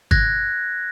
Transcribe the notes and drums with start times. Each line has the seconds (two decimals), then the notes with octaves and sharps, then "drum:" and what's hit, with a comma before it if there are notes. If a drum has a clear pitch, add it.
0.11 F#6 G#6 A#6, drum: kick